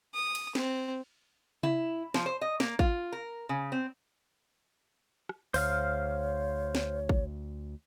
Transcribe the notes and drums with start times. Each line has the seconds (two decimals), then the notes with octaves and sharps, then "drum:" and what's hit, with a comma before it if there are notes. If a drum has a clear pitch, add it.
0.14 D#6
0.35 drum: cymbal
0.55 C4, drum: snare
1.63 E4, drum: tom C3
2.14 F3, drum: snare
2.26 C5
2.41 D#5
2.60 A#3, drum: snare
2.79 F4, drum: kick
3.12 A#4
3.49 C#3
3.72 C4
5.29 drum: rim click
5.54 D2 C5 C#5 F5 F6, drum: open hi-hat
6.75 drum: snare
7.09 drum: kick